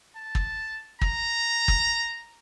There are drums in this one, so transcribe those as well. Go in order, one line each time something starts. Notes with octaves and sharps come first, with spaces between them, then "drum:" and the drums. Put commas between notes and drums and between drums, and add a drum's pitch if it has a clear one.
A5
drum: kick
A#5, drum: kick
drum: kick